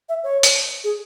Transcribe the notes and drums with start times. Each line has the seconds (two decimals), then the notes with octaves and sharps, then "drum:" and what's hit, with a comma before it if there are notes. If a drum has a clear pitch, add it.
0.09 E5
0.24 C#5
0.43 drum: hi-hat
0.84 G#4